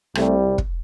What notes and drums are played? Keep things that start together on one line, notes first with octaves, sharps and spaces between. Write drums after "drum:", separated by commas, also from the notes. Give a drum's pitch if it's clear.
C2 C3 G3 A3, drum: rim click
drum: kick